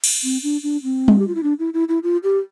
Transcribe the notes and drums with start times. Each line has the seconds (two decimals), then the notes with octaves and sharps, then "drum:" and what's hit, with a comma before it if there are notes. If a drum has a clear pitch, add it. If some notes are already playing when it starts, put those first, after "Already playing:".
0.04 drum: cymbal
0.24 C4
0.43 D4
0.63 D4
0.83 C4
1.08 drum: tom G3
1.19 G4
1.28 F4
1.35 E4
1.43 D4
1.59 E4
1.74 E4
1.89 E4
2.03 F4
2.24 G4